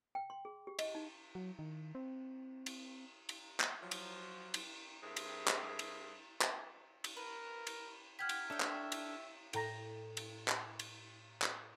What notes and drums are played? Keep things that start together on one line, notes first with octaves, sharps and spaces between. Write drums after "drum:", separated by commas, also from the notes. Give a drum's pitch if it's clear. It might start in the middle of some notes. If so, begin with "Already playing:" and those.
G5
C6
G#4
G4
D#5, drum: cymbal
D#4
F#3
D#3
C4
drum: cymbal
drum: cymbal
drum: clap
F3 F#3
drum: cymbal
drum: cymbal
G2 C4 G#4 A#4 E5
drum: cymbal
drum: clap
drum: cymbal
drum: clap
drum: cymbal
A#4 B4
drum: cymbal
G4 F#5 F6 G#6 B6
drum: cymbal
D4 A4 C#5 E5 G5
drum: clap
drum: cymbal
A2 G5 A#5 A#6, drum: cymbal
drum: cymbal
drum: clap
drum: cymbal
drum: clap